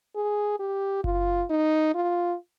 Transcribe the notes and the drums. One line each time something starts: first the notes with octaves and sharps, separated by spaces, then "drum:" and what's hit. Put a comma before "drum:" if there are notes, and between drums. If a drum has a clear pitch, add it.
G#4
G4
F4, drum: kick F#1
D#4
F4